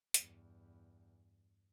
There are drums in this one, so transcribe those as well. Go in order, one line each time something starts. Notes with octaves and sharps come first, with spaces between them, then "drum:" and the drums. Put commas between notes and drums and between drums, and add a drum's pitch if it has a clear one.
E2 G2, drum: hi-hat